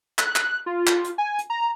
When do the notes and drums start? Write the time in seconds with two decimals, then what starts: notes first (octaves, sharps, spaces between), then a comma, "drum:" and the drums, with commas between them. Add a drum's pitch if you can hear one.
0.18 F#6, drum: clap
0.36 drum: clap
0.66 F4
0.87 drum: clap
1.04 drum: hi-hat
1.18 G#5
1.39 drum: hi-hat
1.50 A#5